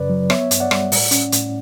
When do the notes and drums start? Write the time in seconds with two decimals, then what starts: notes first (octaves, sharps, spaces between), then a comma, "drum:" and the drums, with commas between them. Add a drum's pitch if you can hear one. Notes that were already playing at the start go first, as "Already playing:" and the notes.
Already playing: F#2 C#3 B4 D5
0.10 F#3
0.30 B3 C#5 E5, drum: rim click
0.51 G2, drum: hi-hat
0.60 D5 F#5
0.71 G3, drum: rim click
0.92 A2, drum: open hi-hat
1.11 C#4, drum: hi-hat
1.32 A2, drum: hi-hat